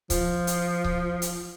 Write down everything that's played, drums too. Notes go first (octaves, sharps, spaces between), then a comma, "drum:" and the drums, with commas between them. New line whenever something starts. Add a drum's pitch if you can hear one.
F3, drum: kick C#1, hi-hat
drum: hi-hat
drum: kick C#1
drum: hi-hat